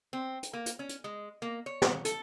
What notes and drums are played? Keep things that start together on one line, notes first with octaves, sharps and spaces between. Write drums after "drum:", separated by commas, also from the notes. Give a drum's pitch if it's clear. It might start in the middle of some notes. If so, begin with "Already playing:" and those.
C4
drum: hi-hat
A#3
drum: hi-hat
C#4
drum: hi-hat
G#3
A#3
C#5
drum: snare
A4, drum: hi-hat